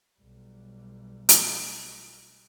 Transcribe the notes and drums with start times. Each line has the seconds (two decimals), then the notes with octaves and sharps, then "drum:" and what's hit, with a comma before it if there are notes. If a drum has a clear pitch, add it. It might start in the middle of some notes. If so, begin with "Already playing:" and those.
0.18 B1 G3
1.29 drum: hi-hat